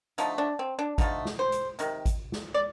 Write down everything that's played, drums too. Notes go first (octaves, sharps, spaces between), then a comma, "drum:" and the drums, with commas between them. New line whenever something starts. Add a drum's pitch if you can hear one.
D3 F3 A3 D#4, drum: hi-hat
D4
C4
D4
D3 F3 A3 D#4, drum: kick G#1, hi-hat
drum: snare
C5
drum: hi-hat
C3 D#3, drum: hi-hat
drum: kick G#1, hi-hat
drum: snare
D5